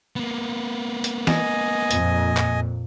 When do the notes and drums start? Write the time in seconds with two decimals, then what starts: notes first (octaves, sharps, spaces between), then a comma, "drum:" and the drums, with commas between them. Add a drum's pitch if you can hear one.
0.16 A#3 B3
1.04 drum: hi-hat
1.27 D#5 G#5, drum: snare E3
1.91 F2 A#2, drum: hi-hat
2.37 drum: clap